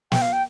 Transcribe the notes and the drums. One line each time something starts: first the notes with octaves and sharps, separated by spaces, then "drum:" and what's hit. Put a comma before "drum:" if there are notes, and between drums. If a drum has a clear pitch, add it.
G5, drum: snare
F5
G5